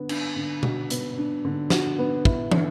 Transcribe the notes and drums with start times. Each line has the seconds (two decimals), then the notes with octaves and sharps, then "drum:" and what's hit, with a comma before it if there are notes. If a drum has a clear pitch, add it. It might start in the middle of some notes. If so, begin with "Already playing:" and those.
Already playing: D3 B3
0.09 D4, drum: cymbal
0.36 D3
0.63 F#4, drum: tom B2
0.90 B3, drum: hi-hat
1.18 D4
1.45 D3
1.70 F#4, drum: snare
1.98 B3
2.25 E4, drum: kick
2.52 D3, drum: tom